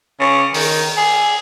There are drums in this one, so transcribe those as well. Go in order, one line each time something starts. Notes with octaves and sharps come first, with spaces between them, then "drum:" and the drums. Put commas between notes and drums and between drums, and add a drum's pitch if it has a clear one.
C#3
D#3, drum: open hi-hat
G#4